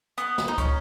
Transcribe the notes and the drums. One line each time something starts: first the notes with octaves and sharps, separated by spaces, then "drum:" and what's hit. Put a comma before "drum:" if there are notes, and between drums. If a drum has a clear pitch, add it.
B3, drum: hi-hat
drum: snare
D#4
C#4, drum: kick, hi-hat